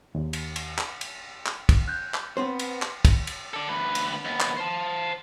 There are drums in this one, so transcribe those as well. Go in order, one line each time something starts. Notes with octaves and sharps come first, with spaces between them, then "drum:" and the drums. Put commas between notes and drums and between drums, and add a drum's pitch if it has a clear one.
D#2
drum: cymbal
drum: cymbal
drum: clap
drum: cymbal
drum: clap
drum: kick, cymbal
F#6 G6
drum: clap
B3 C4 C5 C6
drum: cymbal
drum: clap
drum: kick, cymbal
drum: cymbal
A4 D5
D2 B4
drum: cymbal
D#2 B3
drum: clap
C5 A5